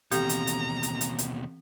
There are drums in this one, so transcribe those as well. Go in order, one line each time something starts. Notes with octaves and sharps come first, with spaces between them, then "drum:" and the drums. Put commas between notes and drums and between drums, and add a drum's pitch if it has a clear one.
D#2 B2 E3 C4 G4 A#5, drum: hi-hat
drum: hi-hat
drum: hi-hat
drum: hi-hat
drum: hi-hat
drum: hi-hat